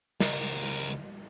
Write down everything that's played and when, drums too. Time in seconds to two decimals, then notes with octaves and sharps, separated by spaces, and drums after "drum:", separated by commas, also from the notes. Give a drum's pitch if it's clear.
0.20 C#2 A#4, drum: snare